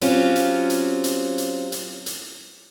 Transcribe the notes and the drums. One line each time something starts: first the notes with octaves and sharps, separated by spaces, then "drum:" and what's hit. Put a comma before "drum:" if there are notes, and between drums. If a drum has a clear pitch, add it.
F#3 C4 C#4 F4 G4, drum: hi-hat
drum: hi-hat
drum: hi-hat
drum: hi-hat
drum: hi-hat
drum: hi-hat
drum: hi-hat